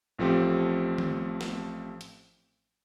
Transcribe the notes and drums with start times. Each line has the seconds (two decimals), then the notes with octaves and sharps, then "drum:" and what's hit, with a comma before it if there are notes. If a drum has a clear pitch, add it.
0.19 A1 F3 A3 C4 G4
0.98 drum: tom D#3
1.41 drum: snare
2.01 drum: hi-hat